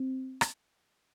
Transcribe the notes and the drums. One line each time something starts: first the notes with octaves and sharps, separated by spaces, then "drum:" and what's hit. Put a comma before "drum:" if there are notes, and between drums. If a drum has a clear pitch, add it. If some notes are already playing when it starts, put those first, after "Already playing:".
Already playing: C4
drum: rim click